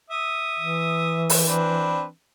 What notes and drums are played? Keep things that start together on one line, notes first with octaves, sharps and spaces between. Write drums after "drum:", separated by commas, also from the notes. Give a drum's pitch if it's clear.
E5 D#6
E3
drum: open hi-hat
C4 D4 B4